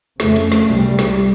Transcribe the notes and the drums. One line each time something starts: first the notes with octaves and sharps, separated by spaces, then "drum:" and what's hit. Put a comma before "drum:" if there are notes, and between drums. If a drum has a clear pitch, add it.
F2 C#3 A3, drum: snare
drum: cymbal
drum: snare
C2 C3 G3
drum: snare